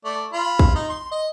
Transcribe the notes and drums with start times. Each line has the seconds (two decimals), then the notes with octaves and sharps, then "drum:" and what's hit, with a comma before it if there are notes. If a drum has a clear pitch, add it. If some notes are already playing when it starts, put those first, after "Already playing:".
0.05 A3 D5
0.33 F4 B5
0.59 drum: kick
0.75 D#4
0.89 C6
1.11 D#5